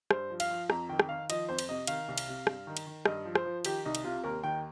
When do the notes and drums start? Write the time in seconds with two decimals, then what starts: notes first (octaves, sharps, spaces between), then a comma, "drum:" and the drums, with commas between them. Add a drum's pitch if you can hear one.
0.11 G2 C5, drum: rim click
0.30 F3
0.40 F5, drum: cymbal
0.51 F3
0.70 F2 A#5, drum: rim click
0.89 D#3 G5
0.99 drum: rim click
1.09 D#3 F5
1.30 F3 D#5, drum: cymbal
1.49 F2 C5
1.59 drum: cymbal
1.69 C3 D#5
1.87 D#3 F5, drum: cymbal
2.08 C2
2.18 drum: cymbal
2.28 C3
2.47 G2, drum: rim click
2.67 D#3
2.77 drum: cymbal
2.87 D#3
3.05 G2 D#5, drum: rim click
3.25 F3
3.35 C5, drum: rim click
3.45 F3
3.65 D#3 G4, drum: cymbal
3.85 C2 D#4
3.95 drum: cymbal
4.04 C3 F4
4.24 D#2 A#4
4.44 D#3 G5